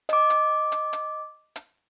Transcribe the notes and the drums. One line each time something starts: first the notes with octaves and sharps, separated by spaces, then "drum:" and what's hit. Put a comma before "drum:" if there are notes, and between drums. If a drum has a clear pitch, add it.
D#5 D6, drum: hi-hat
drum: hi-hat
drum: hi-hat
drum: hi-hat
drum: hi-hat